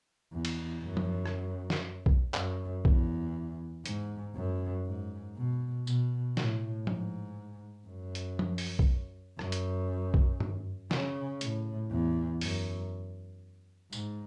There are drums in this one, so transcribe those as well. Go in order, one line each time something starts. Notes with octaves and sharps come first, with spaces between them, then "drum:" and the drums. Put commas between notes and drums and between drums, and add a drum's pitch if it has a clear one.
E2
drum: cymbal
F#2
drum: tom F3
drum: rim click
drum: snare
drum: kick B1
F#2, drum: clap
E2, drum: kick B1
G#2, drum: hi-hat
F#2
G#2
B2
B2, drum: tambourine
A2, drum: snare
G#2, drum: tom F3
F#2
drum: hi-hat
drum: tom F3
drum: open hi-hat
drum: kick B1
F#2, drum: rim click
drum: hi-hat
drum: kick B1
drum: tom G2
C#3, drum: snare
A2, drum: hi-hat
E2
F#2, drum: open hi-hat
G#2, drum: tambourine